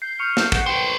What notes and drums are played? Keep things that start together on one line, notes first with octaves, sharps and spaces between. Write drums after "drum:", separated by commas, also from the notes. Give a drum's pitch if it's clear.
G6 C7
C#6 F6 C#7
drum: snare
F#5, drum: kick
B4 C5 G5 D7